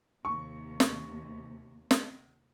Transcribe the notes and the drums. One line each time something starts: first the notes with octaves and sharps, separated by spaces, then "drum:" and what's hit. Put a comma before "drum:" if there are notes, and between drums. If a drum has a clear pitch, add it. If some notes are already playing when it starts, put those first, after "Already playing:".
D#2 C3 C#6
drum: snare
drum: snare